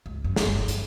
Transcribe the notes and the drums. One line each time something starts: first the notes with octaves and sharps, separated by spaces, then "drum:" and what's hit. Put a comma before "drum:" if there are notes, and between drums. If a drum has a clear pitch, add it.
C#2
F#2
drum: snare
G1
G2, drum: hi-hat